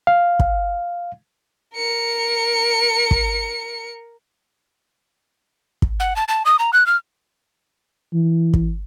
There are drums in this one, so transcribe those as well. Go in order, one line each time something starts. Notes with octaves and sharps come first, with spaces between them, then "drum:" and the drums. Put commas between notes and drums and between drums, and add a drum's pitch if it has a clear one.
F5
drum: kick
A#4 C#7
drum: kick
drum: kick
F#5
A5
A5
D#6
A#5
F#6
F6
E3
drum: kick